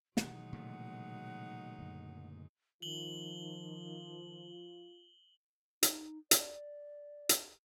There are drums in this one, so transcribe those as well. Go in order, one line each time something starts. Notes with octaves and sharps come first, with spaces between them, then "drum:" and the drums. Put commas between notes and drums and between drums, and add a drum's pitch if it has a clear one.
B2 D#3 E3 F#3 G#3 D#4 F#5, drum: snare
A#2 C#3 A3
F#2 D3
D#3 F3 F4 F#7 G7
D#4, drum: hi-hat
D5, drum: hi-hat
drum: hi-hat